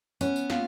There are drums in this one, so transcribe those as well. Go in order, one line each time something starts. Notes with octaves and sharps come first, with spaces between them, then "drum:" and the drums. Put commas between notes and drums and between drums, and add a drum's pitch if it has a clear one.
B3 C#4, drum: tambourine
drum: tambourine
F4, drum: snare